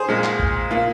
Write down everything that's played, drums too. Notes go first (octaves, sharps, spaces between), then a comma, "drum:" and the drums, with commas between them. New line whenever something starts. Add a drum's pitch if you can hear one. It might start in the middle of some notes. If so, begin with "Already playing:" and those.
Already playing: G#4 C5
A#2 G#3
drum: clap
drum: kick A#1
A#2 A#3 F4